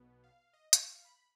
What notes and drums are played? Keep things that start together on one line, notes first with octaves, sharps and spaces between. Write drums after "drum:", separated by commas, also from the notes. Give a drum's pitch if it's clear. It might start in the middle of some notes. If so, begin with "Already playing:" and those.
Already playing: B1 B2 B3
F5
D#5
D#5, drum: hi-hat
F5
B5